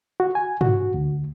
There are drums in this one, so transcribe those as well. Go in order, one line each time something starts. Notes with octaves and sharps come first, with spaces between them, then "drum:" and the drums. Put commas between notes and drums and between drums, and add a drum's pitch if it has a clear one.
F#4
G#5
F#4, drum: tom
D2